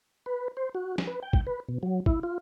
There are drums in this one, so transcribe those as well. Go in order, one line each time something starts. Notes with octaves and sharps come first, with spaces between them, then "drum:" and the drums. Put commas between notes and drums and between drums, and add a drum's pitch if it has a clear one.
B4
C5
F#4
drum: snare
B4
G5
drum: kick
B4
B2
F#3
E4, drum: kick
F4